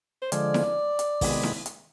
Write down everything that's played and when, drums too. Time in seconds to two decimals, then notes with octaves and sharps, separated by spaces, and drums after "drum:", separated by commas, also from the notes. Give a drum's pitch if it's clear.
0.22 C5
0.32 D3 F3 G#3 D5, drum: hi-hat
0.54 drum: snare E4
0.99 drum: hi-hat
1.21 C3 D#3 G#3 B3, drum: kick, open hi-hat
1.43 drum: snare E4
1.66 drum: hi-hat